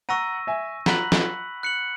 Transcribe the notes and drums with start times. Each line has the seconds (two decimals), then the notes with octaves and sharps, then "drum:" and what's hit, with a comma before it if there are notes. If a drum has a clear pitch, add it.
0.09 F#5 A#5 C#6 E6 A#6 D#7
0.47 E5 G#5
0.86 F#5 A#5 B5 F#6 B6 F#7, drum: snare
1.12 drum: snare
1.63 F#6 C#7 F#7